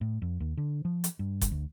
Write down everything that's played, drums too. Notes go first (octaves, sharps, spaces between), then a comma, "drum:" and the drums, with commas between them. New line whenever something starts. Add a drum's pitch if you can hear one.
A2
F2
D#2
D3
F3
drum: hi-hat
G2
drum: kick F#1, hi-hat
D2